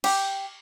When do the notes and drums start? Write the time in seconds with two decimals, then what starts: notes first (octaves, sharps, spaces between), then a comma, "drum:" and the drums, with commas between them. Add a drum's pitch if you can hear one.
0.04 G4, drum: cymbal